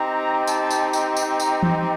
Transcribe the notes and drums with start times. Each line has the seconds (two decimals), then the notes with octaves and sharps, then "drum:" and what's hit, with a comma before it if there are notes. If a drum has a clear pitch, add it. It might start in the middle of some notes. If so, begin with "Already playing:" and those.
Already playing: C4 D#4 G4 A#5
0.47 A5, drum: tambourine
0.70 drum: tambourine
0.93 A#5, drum: tambourine
1.17 drum: tambourine
1.40 A#5, drum: tambourine
1.63 drum: tom E3